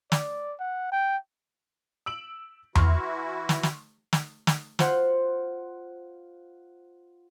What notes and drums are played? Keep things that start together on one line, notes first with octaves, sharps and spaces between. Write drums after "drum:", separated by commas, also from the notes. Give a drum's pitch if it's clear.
D5, drum: snare
F#5
G5
E6 D7 F#7
E3 E4 F#4 C6 C#6 F6, drum: tom E2
drum: snare
drum: snare
drum: snare
drum: snare
F4 C5 F#5, drum: snare